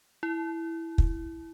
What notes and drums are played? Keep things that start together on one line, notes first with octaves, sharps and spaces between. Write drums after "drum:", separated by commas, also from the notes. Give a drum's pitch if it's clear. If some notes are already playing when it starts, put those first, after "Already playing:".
E4
drum: kick